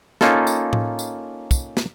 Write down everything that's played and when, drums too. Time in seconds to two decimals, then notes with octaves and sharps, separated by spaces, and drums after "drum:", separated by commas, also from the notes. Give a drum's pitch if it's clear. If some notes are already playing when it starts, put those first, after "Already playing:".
0.21 A#3 C#4 D#4 F4 A4, drum: snare
0.47 drum: tambourine
0.73 drum: tom A2
0.99 drum: tambourine
1.51 drum: kick, tambourine
1.77 drum: snare